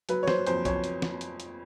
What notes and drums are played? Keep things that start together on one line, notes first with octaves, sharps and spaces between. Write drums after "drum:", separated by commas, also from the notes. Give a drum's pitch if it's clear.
F#3 B4, drum: hi-hat
C#5
F#3 C5, drum: snare
F2 C5, drum: hi-hat
F2 C#5, drum: kick, hi-hat
drum: hi-hat
drum: snare
drum: hi-hat
drum: hi-hat